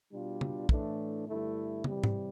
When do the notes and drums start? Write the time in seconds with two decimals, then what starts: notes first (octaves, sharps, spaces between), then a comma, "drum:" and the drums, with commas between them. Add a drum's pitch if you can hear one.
0.12 B2 G3 D4 F4
0.41 drum: tom
0.69 A2 E3 A3 D4, drum: kick
1.27 G2 D3 A3 E4
1.84 C3 E3 G3, drum: tom
2.04 drum: tom G#2